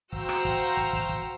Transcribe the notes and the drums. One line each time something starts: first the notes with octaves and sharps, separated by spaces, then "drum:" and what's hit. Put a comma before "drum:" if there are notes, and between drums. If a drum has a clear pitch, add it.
F#4 C5 F5 G5 A#5 E6, drum: kick
drum: rim click
drum: kick
drum: kick
drum: kick
drum: kick